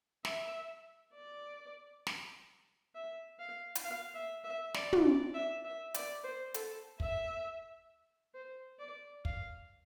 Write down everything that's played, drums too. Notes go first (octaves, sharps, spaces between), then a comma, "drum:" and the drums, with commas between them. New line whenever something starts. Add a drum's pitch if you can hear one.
E5, drum: snare
D5
drum: snare
E5
F5
drum: hi-hat
F5
E5
E5
D5, drum: snare
drum: tom
D5
E5
E5
D5, drum: hi-hat
C5
A4, drum: hi-hat
E5, drum: kick
C5
D5
F5, drum: kick